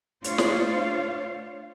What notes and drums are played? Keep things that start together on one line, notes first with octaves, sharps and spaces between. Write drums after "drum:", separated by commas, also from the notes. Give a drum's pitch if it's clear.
A3 D4 F4 C5 C#5 F5, drum: hi-hat
drum: snare